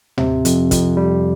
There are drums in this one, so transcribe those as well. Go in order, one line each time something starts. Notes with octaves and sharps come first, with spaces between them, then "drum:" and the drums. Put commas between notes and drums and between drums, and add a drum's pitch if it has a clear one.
C3, drum: tom
F2, drum: hi-hat
F2, drum: kick, hi-hat
G3